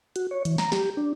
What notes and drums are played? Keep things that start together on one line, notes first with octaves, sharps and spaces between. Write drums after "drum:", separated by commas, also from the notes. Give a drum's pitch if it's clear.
F#4, drum: hi-hat
C#5
E3, drum: hi-hat
A#5, drum: snare
G4, drum: snare
D4